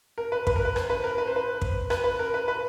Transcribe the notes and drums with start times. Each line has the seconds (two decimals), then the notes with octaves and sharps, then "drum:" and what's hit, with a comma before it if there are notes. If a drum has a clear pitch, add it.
0.18 A#4
0.32 B4
0.47 B4, drum: kick
0.56 A#4
0.65 B4
0.76 C5, drum: rim click
0.90 B4
1.04 A#4
1.18 B4
1.27 C5
1.36 B4
1.61 drum: kick
1.90 B4, drum: rim click
2.04 B4
2.19 A#4
2.34 B4
2.48 B4